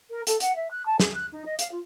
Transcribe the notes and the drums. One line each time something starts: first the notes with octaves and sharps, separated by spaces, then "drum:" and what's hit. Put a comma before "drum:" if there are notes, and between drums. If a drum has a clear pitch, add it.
A#4
A4, drum: hi-hat
F#5, drum: hi-hat
E5
F#6
A5
G#4, drum: snare
F#6
D#4
D#5
F5, drum: hi-hat
F4